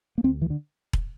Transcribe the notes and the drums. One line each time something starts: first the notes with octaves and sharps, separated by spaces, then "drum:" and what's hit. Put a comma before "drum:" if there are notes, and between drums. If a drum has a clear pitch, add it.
A#3
D2 C4
E3
D3
drum: kick E1